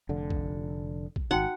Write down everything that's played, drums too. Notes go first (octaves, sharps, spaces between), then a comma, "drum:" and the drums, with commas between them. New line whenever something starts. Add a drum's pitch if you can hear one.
F1 D3
drum: kick
drum: kick
D#1 G#1 D#4 F#4 F#5 G5